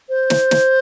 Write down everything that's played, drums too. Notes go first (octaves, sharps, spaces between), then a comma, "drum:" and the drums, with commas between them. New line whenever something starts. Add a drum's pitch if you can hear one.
C5
drum: snare
drum: snare